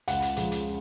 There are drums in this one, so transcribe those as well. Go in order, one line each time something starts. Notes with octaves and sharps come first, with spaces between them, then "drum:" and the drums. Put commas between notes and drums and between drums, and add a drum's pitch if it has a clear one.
C#2 F#5, drum: hi-hat
drum: hi-hat
C#3 F3 G#3, drum: hi-hat
drum: hi-hat